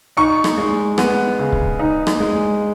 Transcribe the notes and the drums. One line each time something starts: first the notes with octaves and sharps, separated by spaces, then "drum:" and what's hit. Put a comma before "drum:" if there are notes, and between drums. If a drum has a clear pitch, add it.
D#4 C#6
drum: rim click
G#3
B3, drum: rim click
C#3
drum: kick C#1
D#4
drum: rim click
G#3